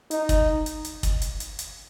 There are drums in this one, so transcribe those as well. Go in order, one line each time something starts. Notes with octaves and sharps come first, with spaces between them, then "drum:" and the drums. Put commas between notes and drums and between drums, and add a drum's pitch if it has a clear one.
D#4, drum: hi-hat
drum: kick, hi-hat
drum: hi-hat
drum: hi-hat
drum: kick, hi-hat
drum: hi-hat
drum: hi-hat
drum: hi-hat